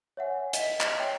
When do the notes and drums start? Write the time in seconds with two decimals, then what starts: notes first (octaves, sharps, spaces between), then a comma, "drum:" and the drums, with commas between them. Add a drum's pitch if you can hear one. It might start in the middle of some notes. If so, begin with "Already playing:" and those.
0.17 C#5 E5 F#5 G#5
0.53 D#5 B6, drum: hi-hat
0.80 drum: clap
0.99 C#5 E5 G5 C7 F7